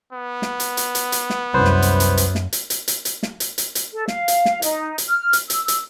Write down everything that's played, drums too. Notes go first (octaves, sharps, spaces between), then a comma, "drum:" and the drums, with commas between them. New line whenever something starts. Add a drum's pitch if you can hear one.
B3
drum: snare
drum: hi-hat
drum: hi-hat
drum: hi-hat
drum: hi-hat
drum: snare
C2 F#2 B4 C5
drum: snare
drum: hi-hat
drum: hi-hat
drum: hi-hat
drum: snare
drum: hi-hat
drum: hi-hat
drum: hi-hat
drum: hi-hat
drum: snare
drum: hi-hat
drum: hi-hat
drum: hi-hat
A4
F5, drum: snare
drum: hi-hat
drum: snare
D#4, drum: hi-hat
drum: hi-hat
F6
drum: hi-hat
E6, drum: hi-hat
drum: hi-hat